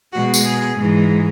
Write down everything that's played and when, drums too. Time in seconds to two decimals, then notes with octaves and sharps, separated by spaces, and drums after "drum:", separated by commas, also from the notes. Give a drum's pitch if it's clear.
0.14 B2 G#3 F#4
0.34 drum: tambourine
0.46 G#4
0.79 G#2 E3 G#3